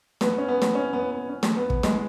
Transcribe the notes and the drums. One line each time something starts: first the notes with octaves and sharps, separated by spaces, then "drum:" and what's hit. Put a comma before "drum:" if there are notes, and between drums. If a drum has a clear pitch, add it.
B3, drum: snare
C#4
B3
drum: snare
C#4
B3
B3
C#4
drum: snare
B3
drum: kick
G#3, drum: snare